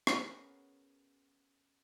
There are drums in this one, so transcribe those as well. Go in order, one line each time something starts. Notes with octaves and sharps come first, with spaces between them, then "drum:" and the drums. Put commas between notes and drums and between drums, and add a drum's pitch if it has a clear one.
B3 C#4 F#4 G#4 A#4, drum: rim click